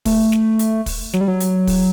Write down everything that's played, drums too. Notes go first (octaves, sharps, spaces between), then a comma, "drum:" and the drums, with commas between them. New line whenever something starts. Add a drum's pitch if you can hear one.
A3, drum: kick, open hi-hat
drum: snare
drum: hi-hat
drum: kick, open hi-hat
F#3, drum: snare
G3
F#3
drum: hi-hat
drum: kick, open hi-hat